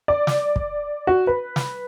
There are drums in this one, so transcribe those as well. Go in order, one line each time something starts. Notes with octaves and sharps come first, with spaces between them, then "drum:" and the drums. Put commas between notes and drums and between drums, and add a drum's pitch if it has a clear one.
D5
drum: snare
drum: kick
F#4
B4
drum: snare